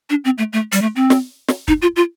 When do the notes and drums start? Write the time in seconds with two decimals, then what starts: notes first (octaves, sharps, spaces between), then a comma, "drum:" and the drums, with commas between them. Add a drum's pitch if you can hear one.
0.10 D4
0.25 C4
0.38 A3
0.53 A3
0.72 G3, drum: hi-hat
0.82 A3
0.96 C4
1.10 drum: snare
1.48 drum: snare
1.68 D#4, drum: kick
1.82 F4
1.96 F4